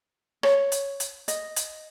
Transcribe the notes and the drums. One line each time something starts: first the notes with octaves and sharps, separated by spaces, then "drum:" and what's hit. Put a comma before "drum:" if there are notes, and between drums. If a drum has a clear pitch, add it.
C#5, drum: rim click
drum: hi-hat
drum: hi-hat
D#5, drum: hi-hat
drum: hi-hat